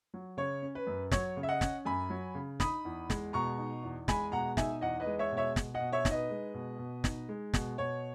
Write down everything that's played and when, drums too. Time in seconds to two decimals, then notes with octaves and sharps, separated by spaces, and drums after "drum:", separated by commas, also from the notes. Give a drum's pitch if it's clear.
0.14 F#3
0.37 C#3 C#5
0.62 C#4
0.75 B4
0.87 F#2
1.11 F#3 C#5, drum: snare
1.37 C#3
1.43 E5
1.49 D#5 F#5
1.61 C#4, drum: snare
1.85 F#2 G#5 B5
2.10 F#3
2.35 C#3
2.60 D#4 B5 D#6, drum: snare
2.85 E2
3.10 G#3, drum: snare
3.33 B2 A#5 C#6
3.58 D#4
3.83 E2
4.08 G#3 G#5 B5, drum: snare
4.32 B2 F#5 A#5
4.57 D#4 E5 G#5, drum: snare
4.81 E2 D#5 F#5
5.00 B4 D#5
5.07 G#3
5.19 C#5 E5
5.32 B2
5.37 C#5 E5
5.56 B2, drum: snare
5.74 D#5 F#5
5.81 B2
5.92 C#5 E5
6.05 D#4, drum: snare
6.11 B4 D#5
6.30 G#3
6.54 B2
6.79 B2
7.04 D#4, drum: snare
7.29 G#3
7.54 B2, drum: snare
7.78 B2 C#5